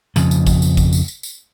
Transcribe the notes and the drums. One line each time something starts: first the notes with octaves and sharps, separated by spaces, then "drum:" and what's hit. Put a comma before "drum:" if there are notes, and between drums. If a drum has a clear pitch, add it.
F2 C#3 F3, drum: tambourine
drum: tambourine
drum: kick G#1, tambourine
drum: tambourine
drum: kick G#1, tambourine
drum: tambourine
drum: tambourine
drum: tambourine